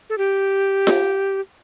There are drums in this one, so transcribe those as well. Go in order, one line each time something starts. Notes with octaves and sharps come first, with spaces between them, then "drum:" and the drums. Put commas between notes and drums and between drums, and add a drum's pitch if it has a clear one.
A4
G4
drum: snare F4